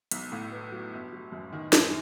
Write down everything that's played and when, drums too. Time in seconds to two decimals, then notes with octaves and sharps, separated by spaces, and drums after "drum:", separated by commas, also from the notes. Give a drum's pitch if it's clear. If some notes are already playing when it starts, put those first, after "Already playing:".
0.11 B1, drum: hi-hat
0.32 A2
0.52 B3
0.72 F#3
0.93 G1
1.13 F#3
1.32 F#2
1.52 D#3
1.73 F#2, drum: snare